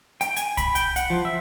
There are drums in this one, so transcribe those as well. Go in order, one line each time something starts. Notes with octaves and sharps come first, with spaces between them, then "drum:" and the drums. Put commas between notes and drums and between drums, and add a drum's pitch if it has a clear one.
G5, drum: hi-hat
G#5, drum: hi-hat
B5, drum: kick C2, hi-hat
G5, drum: hi-hat
F#5, drum: hi-hat
F3
E5